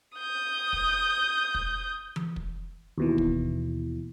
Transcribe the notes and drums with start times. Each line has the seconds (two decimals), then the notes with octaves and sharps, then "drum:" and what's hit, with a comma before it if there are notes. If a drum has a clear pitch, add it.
0.18 D#6 G6
0.73 drum: kick
1.55 drum: kick
2.16 drum: tom E3
2.36 drum: kick
2.98 D#2 B2 E3
3.18 drum: kick